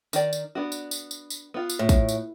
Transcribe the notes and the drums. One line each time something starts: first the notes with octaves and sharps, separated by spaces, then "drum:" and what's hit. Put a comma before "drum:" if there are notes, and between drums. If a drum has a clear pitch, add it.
D#3 D5, drum: tambourine
drum: tambourine
B3 D4 F#4
drum: tambourine
drum: tambourine
drum: tambourine
drum: tambourine
B3 F4
drum: tambourine
A2
drum: kick, tambourine
drum: tambourine